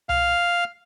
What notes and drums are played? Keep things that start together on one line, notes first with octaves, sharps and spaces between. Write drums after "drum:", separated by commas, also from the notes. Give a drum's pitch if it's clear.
F5, drum: tom C2